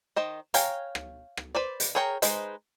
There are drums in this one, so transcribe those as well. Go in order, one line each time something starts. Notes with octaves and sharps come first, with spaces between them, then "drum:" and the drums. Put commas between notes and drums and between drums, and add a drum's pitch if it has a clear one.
D#3 C5 D#5
C#5 F5 G5 G#5 A#5, drum: hi-hat
drum: rim click
drum: rim click
B4 C5 D5
drum: hi-hat
G#4 A#4 C#5 G5 A#5
G#3 D#4 B4 C5, drum: hi-hat